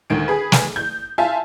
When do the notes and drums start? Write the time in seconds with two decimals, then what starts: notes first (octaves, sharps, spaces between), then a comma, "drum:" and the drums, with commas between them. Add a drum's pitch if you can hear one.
0.10 D2 D#3 D7
0.28 G#4 B4
0.52 drum: snare
0.76 G6
1.18 F4 E5 G#5 A5